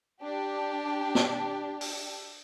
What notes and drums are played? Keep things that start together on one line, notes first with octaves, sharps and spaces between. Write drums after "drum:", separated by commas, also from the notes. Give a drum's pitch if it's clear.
D4 G4
drum: snare
drum: open hi-hat